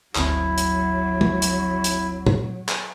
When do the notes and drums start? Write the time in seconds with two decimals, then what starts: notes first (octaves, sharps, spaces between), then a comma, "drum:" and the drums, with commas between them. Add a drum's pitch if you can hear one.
0.15 G1 D2 F#3 C4 E4, drum: clap
0.58 drum: hi-hat
1.21 drum: tom
1.42 drum: hi-hat
1.84 drum: hi-hat
2.27 drum: tom
2.69 drum: clap